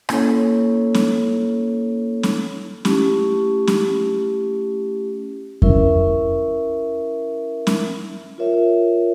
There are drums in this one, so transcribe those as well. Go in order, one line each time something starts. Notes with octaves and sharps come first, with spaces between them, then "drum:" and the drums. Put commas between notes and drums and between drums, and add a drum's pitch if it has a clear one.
A#3 C#4 E4 A4 C#5, drum: rim click
drum: snare C#4
drum: snare C#4
A3 C#4 E4 G4, drum: snare C#4
drum: snare C#4
C#4 E4 A#4 E5, drum: kick F2
drum: snare C#4
F4 A#4 C#5 E5